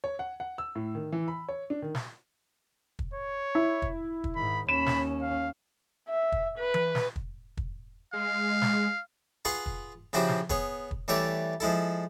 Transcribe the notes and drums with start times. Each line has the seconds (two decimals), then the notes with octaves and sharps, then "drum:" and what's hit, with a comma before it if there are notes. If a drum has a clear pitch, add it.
0.04 C#5
0.19 F#5
0.40 F#5
0.58 E6
0.75 A2
0.95 D#3
1.13 E3
1.28 B5
1.49 C#5
1.70 D4
1.82 D#3
1.95 drum: snare
2.99 drum: kick
3.14 C#5
3.55 E4
3.82 drum: kick
4.24 drum: kick
4.36 G#2 D#3 B5
4.69 D#2 C#4 B5 E7
4.86 drum: snare
5.22 F5
6.09 E5
6.32 drum: kick
6.58 B4
6.74 drum: tom E3
6.95 drum: snare
7.16 drum: kick
7.57 drum: kick
8.13 G#3 F5
8.62 drum: snare
9.45 F4 G#4 B4 F#5 C6 C#6
9.66 drum: kick
10.13 C#3 F3 E4 F#4 G4 C5
10.28 drum: snare
10.50 B3 G#4 C#5, drum: kick
10.91 drum: kick
11.08 E3 G3 A3 C#5 D5 E5
11.60 F3 G#3 E4 A4